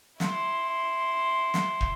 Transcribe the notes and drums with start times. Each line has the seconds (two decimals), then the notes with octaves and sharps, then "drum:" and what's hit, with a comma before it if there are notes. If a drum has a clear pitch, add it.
0.20 E4 C6, drum: snare
1.54 drum: snare
1.81 drum: kick